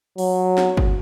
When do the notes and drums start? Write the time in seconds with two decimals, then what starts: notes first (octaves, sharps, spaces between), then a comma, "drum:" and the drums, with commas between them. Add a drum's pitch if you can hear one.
0.18 F#3, drum: open hi-hat
0.58 drum: snare
0.77 drum: kick G1